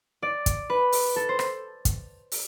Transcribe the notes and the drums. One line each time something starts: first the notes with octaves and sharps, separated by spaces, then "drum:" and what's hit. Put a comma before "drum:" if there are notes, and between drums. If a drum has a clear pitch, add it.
D5
drum: kick, hi-hat
B4
drum: open hi-hat
A4
C5
drum: rim click
drum: kick, hi-hat
drum: open hi-hat